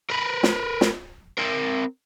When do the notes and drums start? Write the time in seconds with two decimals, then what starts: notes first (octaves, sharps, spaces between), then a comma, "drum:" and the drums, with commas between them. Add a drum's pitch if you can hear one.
0.10 A#4 B4
0.43 drum: snare
0.81 drum: snare
1.38 C4 A#4